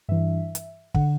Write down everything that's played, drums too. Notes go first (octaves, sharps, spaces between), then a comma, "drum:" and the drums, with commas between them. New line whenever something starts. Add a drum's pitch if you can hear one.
G2 E3 E5
drum: hi-hat
D3 F#5, drum: kick